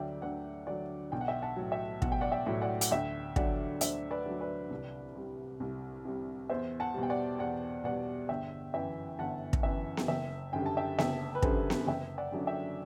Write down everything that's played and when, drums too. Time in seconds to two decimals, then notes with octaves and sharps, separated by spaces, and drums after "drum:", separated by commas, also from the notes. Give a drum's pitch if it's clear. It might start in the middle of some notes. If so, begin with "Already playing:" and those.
Already playing: D2 D3 F#3 D5 E5 G5
0.22 D2 D5 F#5
0.67 D3 F#3 D5 F#5
1.12 B1 G5
1.21 F#5
1.28 E5 G5
1.42 F#5 A5
1.57 A2 F#3
1.72 E5 G5
2.02 B1 F#5, drum: kick
2.12 G5
2.21 D5 F#5
2.32 E5 G5
2.47 A2 F#3
2.61 D5 F#5
2.81 F#5, drum: hi-hat
2.91 D2 E5 G5
3.36 D3 F#3 D5 F#5, drum: kick
3.81 D2 C5 E5, drum: hi-hat
4.11 B4 D5
4.26 D3 F#3
4.40 B4 D5
4.70 C2
5.15 C3 G3
5.60 C2
6.05 C3 G3
6.49 E2 C5 E5
6.80 F#5 A5
6.94 B2 G3
7.03 G5
7.09 D5 F#5
7.39 E2 D5 F#5
7.84 B2 G3 D5 F#5
8.29 G1 E5 G5
8.74 F#2 E3 E5 G5
9.19 G1 F#5 A5
9.53 drum: kick
9.63 F#2 E3 E5 G5
9.97 drum: snare B3
10.08 F#1 E5 G5
10.53 F#2 D3 G3 G5
10.66 A5
10.77 E5 G5
10.99 F#1 E5 G5, drum: snare B3
11.35 B4
11.42 F#2 D3 G3 A4 C5, drum: kick
11.70 drum: snare B3
11.87 F#1 E5 G5
12.18 D5 F#5
12.32 F#2 D3 F#3
12.47 E5 G5